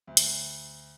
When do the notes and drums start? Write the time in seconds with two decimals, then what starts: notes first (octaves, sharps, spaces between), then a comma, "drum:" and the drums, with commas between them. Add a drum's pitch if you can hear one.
0.07 D2
0.17 drum: hi-hat